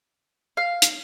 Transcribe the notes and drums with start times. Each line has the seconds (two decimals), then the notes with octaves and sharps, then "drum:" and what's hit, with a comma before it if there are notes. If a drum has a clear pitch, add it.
0.57 F5
0.82 drum: hi-hat